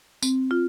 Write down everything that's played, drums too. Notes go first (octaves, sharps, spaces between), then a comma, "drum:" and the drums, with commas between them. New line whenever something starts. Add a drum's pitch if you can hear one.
C4, drum: tambourine
F4